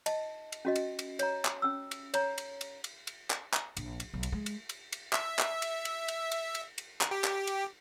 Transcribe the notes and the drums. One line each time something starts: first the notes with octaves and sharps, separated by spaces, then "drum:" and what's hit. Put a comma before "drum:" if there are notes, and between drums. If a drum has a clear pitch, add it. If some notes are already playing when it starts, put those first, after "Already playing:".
D#5 A5, drum: cymbal
drum: cymbal
C#4 F#4 D#5
drum: cymbal
drum: cymbal
C#5 A#5, drum: cymbal
drum: clap
C#4 E6
drum: cymbal
C#5 A#5, drum: cymbal
drum: cymbal
drum: cymbal
drum: cymbal
drum: cymbal
drum: clap
drum: clap
A#1, drum: cymbal
drum: cymbal
B1
drum: cymbal
G#3
drum: cymbal
drum: cymbal
drum: cymbal
E5, drum: clap
drum: clap
drum: cymbal
drum: cymbal
drum: cymbal
drum: cymbal
drum: cymbal
drum: cymbal
drum: clap
G4
drum: clap
drum: cymbal